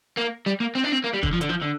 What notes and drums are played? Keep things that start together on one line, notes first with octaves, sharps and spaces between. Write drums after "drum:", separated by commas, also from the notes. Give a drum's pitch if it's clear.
A#3
G3
A#3
C4
D4
C4
A#3
G3
D3, drum: kick
F3
D3, drum: hi-hat
F3
D3